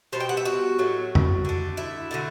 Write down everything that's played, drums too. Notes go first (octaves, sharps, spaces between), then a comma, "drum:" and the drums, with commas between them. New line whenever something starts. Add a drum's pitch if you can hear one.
B2 G3 B3 C5
G5
F#5
E5
F#4
A2 F#3 A3
drum: tom F2
D3 A3
E4
D3 F#3 A3